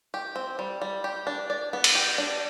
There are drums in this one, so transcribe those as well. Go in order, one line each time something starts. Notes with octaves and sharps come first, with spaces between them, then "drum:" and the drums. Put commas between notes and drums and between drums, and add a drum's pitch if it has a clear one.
G4
C4
G3
G3
G4
D4
D5
B3
drum: cymbal
G4
D4